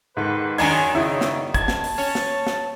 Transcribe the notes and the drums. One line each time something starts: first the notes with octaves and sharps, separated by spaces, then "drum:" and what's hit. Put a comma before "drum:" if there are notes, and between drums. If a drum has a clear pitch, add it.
G#2 D#3 A4 B4
F#2 D#3 G#3 D4 D#5 G#5 A#5 G#6, drum: open hi-hat
C#3 D#4 E4
drum: snare
A5 G#6, drum: kick, hi-hat
drum: snare
drum: open hi-hat
C#4
drum: snare
drum: snare